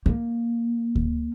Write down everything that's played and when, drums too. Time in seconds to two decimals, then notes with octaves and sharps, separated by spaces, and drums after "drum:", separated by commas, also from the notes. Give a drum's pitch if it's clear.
0.06 A#3
0.95 drum: kick D2